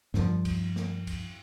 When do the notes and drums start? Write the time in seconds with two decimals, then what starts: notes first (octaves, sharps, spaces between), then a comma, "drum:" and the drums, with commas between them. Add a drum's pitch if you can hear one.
0.14 G2 F3, drum: snare
0.45 drum: kick, cymbal
0.76 drum: snare
1.07 drum: kick, cymbal